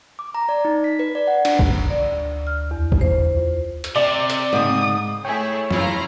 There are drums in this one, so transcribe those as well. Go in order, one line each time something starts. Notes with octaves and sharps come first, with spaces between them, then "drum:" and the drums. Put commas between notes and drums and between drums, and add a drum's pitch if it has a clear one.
D6
A#5
D5
D#4
B6
B4
D5
F#5
D4, drum: cymbal
drum: kick
D5
D2
F6
E2
drum: kick
C5
F4
drum: hi-hat
C3 D5
drum: hi-hat
G#2 C#3 D#6
A3 E4 G#4 C#5 G5 G#5
F#2 E4 F4 A#5, drum: snare